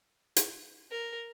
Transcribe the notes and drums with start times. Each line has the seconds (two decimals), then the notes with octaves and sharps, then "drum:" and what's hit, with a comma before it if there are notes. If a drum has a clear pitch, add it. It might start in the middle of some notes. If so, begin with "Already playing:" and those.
0.36 drum: hi-hat
0.91 A#4